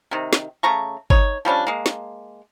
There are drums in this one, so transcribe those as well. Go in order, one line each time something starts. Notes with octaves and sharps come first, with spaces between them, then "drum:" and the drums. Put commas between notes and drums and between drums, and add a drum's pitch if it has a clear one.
C3 D#3
drum: snare
C#3 A3 A#5 C#6
D#4 C#5, drum: kick G1
F3 G3 C#4 D4
G#3 A#3
drum: snare